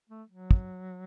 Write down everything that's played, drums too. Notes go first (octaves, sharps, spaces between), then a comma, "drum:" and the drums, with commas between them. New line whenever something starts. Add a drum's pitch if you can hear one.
A3
F#3
drum: kick